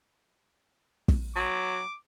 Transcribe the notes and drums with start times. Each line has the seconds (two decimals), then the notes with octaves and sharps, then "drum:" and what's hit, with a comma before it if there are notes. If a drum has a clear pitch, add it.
1.08 drum: kick
1.36 F#3 D6